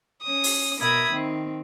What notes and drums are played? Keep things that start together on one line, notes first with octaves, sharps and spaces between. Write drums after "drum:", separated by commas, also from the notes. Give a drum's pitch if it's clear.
C#4 D#6
drum: open hi-hat
B2 A#4 E5 B5 D#6 G#6
D#3 C4